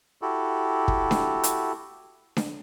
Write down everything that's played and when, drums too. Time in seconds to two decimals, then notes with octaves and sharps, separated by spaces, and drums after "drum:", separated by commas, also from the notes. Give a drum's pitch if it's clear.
0.22 E4 F#4 G4 A4
0.88 drum: kick
1.11 drum: snare D4
1.43 drum: hi-hat
2.37 drum: snare D4